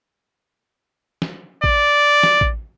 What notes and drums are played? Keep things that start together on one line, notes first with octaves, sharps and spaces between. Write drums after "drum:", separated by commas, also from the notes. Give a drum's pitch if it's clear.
drum: snare
D5, drum: kick
drum: snare
drum: kick